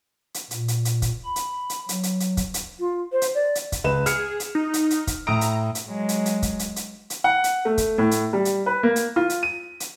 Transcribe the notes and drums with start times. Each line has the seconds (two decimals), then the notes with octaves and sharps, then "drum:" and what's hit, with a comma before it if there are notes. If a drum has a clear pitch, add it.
0.34 drum: hi-hat
0.51 A#2, drum: hi-hat
0.68 drum: hi-hat
0.85 drum: hi-hat
1.02 drum: kick, hi-hat
1.24 B5
1.36 drum: hi-hat
1.70 drum: hi-hat
1.89 F#3, drum: hi-hat
2.03 drum: hi-hat
2.20 drum: hi-hat
2.37 drum: kick, hi-hat
2.54 drum: hi-hat
2.79 F4
3.12 C5
3.22 drum: hi-hat
3.35 D5
3.55 drum: hi-hat
3.72 drum: kick, hi-hat
3.84 C#2 B4 E7
4.06 G#4 F6 C#7, drum: hi-hat
4.40 drum: hi-hat
4.55 D#4
4.74 drum: hi-hat
4.90 drum: hi-hat
5.07 drum: kick, hi-hat
5.27 A2 A#5 D#6 D7
5.41 drum: hi-hat
5.75 drum: hi-hat
5.86 F#3 G#3
6.09 drum: hi-hat
6.26 drum: hi-hat
6.42 drum: kick, hi-hat
6.59 drum: hi-hat
6.76 drum: hi-hat
7.10 drum: hi-hat
7.24 F#5
7.44 drum: hi-hat
7.65 A3
7.78 drum: kick, hi-hat
7.98 A2
8.11 drum: hi-hat
8.33 G3
8.45 drum: hi-hat
8.66 B4
8.83 A#3
8.96 drum: hi-hat
9.16 F4
9.30 drum: hi-hat
9.43 D#7
9.80 drum: hi-hat